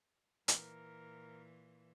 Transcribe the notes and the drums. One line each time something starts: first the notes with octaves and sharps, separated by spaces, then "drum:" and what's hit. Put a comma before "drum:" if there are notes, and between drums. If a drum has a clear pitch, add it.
A#2 E3 A#4, drum: hi-hat